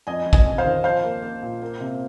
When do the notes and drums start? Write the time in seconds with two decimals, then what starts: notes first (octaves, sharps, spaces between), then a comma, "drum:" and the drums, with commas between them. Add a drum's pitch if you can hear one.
0.07 F2 D#5 G#5
0.26 F2
0.33 D#5 G#5, drum: kick
0.46 F2
0.58 C5 F5
0.65 D#3
0.84 F3 C5 F5
1.03 A#3
1.22 A#3
1.43 A#2
1.62 A#3
1.81 C3